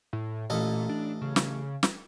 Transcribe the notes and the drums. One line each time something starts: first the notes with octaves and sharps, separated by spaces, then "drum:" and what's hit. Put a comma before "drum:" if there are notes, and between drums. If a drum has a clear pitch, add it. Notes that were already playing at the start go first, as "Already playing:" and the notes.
A2
A1 A#2 A4 D#5
D4
C#3
drum: snare
drum: snare